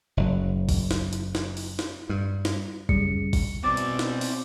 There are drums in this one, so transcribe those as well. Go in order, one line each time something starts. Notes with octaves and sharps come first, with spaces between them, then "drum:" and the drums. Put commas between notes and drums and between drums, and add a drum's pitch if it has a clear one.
F#1 F#3
drum: kick G1, open hi-hat
drum: snare
drum: hi-hat
drum: snare
drum: open hi-hat
drum: snare
G2
drum: snare
F#2 C#3 G3 C#7, drum: kick G1
drum: kick G1, open hi-hat
B2 C4 D5 D6 A6
drum: hi-hat
drum: snare
drum: open hi-hat